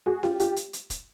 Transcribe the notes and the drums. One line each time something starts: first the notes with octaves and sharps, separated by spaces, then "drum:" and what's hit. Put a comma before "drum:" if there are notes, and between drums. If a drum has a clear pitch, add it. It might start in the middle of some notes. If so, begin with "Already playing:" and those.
F#4 G#4
F4 G4, drum: snare C#4
F4 G4, drum: hi-hat
drum: hi-hat
drum: hi-hat
drum: kick, hi-hat